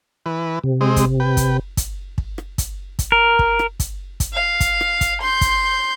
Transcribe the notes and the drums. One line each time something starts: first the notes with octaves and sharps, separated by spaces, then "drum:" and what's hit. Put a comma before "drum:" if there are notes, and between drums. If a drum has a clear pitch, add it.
E3 B4
C3
G#3 C4 D#5
drum: kick, hi-hat
B4 G5
drum: kick, hi-hat
drum: kick, hi-hat
drum: kick
drum: rim click
drum: kick, hi-hat
drum: kick, hi-hat
A#4
drum: kick
drum: rim click
drum: kick, hi-hat
drum: kick, hi-hat
F5
drum: kick, hi-hat
drum: rim click
drum: kick, hi-hat
C6 G6
drum: kick, hi-hat